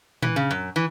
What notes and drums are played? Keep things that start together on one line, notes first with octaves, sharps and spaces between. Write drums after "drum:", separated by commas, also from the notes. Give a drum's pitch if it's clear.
E3, drum: tom A#2
C#3
F#2
E3